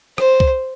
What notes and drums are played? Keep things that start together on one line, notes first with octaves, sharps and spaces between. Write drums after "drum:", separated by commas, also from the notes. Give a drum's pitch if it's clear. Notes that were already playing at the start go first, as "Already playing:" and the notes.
C5, drum: rim click
drum: kick C2